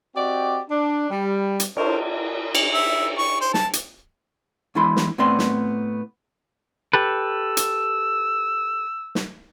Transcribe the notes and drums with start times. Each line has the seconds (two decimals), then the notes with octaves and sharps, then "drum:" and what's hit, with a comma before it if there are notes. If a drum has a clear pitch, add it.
0.16 C4 F#4 G4 D5 D#5 G5
0.69 D4
1.10 G3
1.60 drum: hi-hat
1.77 D4 A4 A#4 C5 C#5, drum: cymbal
2.55 drum: cymbal
2.74 E5
3.18 C#6
3.41 C5
3.54 A5, drum: snare
3.73 drum: hi-hat
4.75 E2 G#3 D4 E4 B5 C6
4.96 drum: snare
5.18 A2 B3 C4 D5 C6
5.39 drum: snare
6.93 G4 A4 B4 E6
7.57 drum: hi-hat
9.15 drum: snare